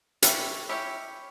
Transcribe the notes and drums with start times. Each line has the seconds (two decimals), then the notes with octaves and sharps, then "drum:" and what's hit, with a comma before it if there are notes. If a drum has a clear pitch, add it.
0.22 C#4 E4 G4 C#5, drum: hi-hat
0.69 C#4 E4 G4 C#5